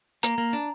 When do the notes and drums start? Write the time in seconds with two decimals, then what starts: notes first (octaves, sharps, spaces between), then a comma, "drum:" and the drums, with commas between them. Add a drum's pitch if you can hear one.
0.23 A#3 A#5, drum: hi-hat
0.38 A#3
0.53 D4